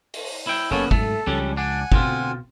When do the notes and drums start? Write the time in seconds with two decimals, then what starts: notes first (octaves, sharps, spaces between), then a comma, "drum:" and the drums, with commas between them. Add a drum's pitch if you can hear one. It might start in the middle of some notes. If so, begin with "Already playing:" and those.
0.14 drum: open hi-hat
0.47 E4 G5
0.71 F#1 C#3 A#3 B3 A4 C#5 G#5
0.91 G#2 F#3 A3 A4, drum: kick
1.27 C#2 F3 G3 G#3 C#4 D4
1.57 D4 F#5 G#5
1.92 D2 B2 C4 F4, drum: kick